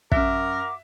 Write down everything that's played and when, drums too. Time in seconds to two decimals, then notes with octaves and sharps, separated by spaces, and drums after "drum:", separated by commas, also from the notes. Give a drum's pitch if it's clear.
0.12 F#2 F#4 A#4 E5 F#5 D6 F#6, drum: kick